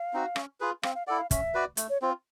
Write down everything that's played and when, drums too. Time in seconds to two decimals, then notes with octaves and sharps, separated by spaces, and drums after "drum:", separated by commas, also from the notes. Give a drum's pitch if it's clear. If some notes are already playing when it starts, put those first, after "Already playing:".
Already playing: F5
0.13 C4 D#4 F#4
0.36 C#4, drum: rim click
0.60 F4 G#4 B4
0.83 C4 F5, drum: rim click
0.95 F5
1.07 E4 A4 D5 F#5
1.18 F5
1.31 C#4 E5, drum: kick, hi-hat
1.54 F#4 B4 D5
1.77 A3, drum: hi-hat
1.90 C#5
2.02 C4 F4 C5